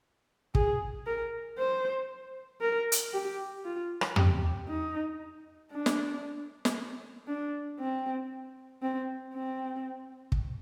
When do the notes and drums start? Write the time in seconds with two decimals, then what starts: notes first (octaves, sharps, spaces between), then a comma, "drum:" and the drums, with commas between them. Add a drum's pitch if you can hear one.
0.55 G#4, drum: kick
1.06 A#4
1.58 C5
2.61 A#4
2.92 drum: hi-hat
3.13 G4
3.65 F4
4.01 drum: rim click
4.16 G4, drum: tom
4.68 D#4
5.72 D4
5.86 drum: snare
6.65 drum: snare
7.27 D4
7.79 C4
8.82 C4
9.34 C4
10.32 drum: kick